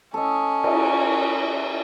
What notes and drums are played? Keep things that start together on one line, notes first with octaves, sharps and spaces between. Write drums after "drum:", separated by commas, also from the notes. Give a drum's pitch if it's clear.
C#4 A4 D#5
drum: cymbal